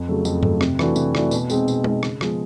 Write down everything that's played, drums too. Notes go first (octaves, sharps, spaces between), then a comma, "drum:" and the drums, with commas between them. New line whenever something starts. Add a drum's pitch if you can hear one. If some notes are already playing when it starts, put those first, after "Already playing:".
Already playing: F2
C#3 F#3 A3
F2, drum: tambourine
C#3 F#3 A3, drum: tom G2
C3, drum: rim click
E3 A3 D4 F#4, drum: rim click
C3, drum: tambourine
E3 A3 D4 F#4, drum: rim click
B2, drum: tambourine
G#3 C4 D#4, drum: tambourine
B2, drum: tambourine
G#3 C4 D#4, drum: tom G#3
C#3, drum: rim click
F3 G#3 B3, drum: rim click